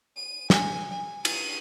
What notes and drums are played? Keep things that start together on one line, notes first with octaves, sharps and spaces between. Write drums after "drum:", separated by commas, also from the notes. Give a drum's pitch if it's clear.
D#7
G#5, drum: snare
G#5
D#7, drum: cymbal